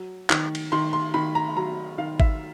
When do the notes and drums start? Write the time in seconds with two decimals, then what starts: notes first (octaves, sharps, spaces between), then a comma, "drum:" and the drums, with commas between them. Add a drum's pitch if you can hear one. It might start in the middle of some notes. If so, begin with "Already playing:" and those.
Already playing: F#3
0.30 D#3, drum: clap
0.55 drum: cymbal
0.72 D#3 C6
0.93 C6
1.14 D#3 B5
1.35 A#5
1.57 F#3 A#5
1.98 D#3 F5
2.20 E5, drum: kick G#1